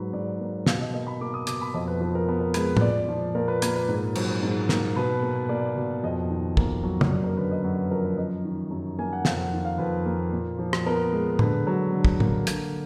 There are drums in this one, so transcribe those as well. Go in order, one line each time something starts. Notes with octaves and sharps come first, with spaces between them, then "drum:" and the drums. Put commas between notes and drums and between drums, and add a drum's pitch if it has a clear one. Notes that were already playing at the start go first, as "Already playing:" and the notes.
Already playing: G#2 F#3 B4
G#2 D5
A#3
B2 F5, drum: snare
D#5
A#3 D#5
B5
A#3 D6
D#6
B2 D6, drum: hi-hat
B5
F2 D#5
B4
F3 B4
A#4
B3
A#4
G#3 B4, drum: hi-hat
B4, drum: tom
A#2 D5
F3
A#2 A#4
B4
A#3 B4, drum: hi-hat
B4
G#2
F#3, drum: cymbal
G#2
A#3, drum: snare
B2 B4
A#3
A#3 D5
B2
F2 D#5
D#3
A#3, drum: kick
F#3
drum: tom
F#2 D5
A#4
D3 B4
D#5
F#2 F#5
B4
F3 A#4
B4
F#2 D#5
D#3
F#2
A#3 G#5
F#5
F2 F5, drum: snare
F#5
D#3
F5
F2 B4
A#3
A#2
F3
drum: rim click
B3 A#4
G#3
D3 B4, drum: tom
F#3
D3
drum: kick
A#3, drum: tom
D3, drum: hi-hat